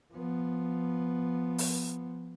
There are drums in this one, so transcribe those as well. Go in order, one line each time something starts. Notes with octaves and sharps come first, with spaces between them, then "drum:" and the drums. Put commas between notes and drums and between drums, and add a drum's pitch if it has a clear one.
F3 B3
drum: open hi-hat